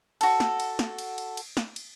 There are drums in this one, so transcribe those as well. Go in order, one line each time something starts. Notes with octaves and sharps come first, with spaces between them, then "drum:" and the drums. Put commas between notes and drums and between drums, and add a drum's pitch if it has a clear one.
F#4 A4, drum: cymbal
drum: snare
drum: cymbal
drum: snare
drum: cymbal
drum: cymbal
drum: cymbal
drum: snare
drum: cymbal